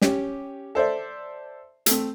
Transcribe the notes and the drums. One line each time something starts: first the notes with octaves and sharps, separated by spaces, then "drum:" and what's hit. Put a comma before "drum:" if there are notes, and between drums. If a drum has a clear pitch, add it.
C#4 G4, drum: snare
A4 C5 D5 E5
A3 C4, drum: hi-hat